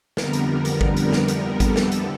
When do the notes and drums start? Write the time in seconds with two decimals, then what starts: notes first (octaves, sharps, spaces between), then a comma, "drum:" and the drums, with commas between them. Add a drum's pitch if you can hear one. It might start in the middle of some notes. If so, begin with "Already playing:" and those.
0.17 F2 D3 G3 B3 A#4, drum: snare
0.33 drum: hi-hat
0.65 drum: hi-hat
0.81 drum: kick G#1
0.97 drum: hi-hat
1.12 drum: snare
1.28 drum: hi-hat
1.60 A4, drum: kick G#1, hi-hat
1.76 drum: snare
1.92 drum: hi-hat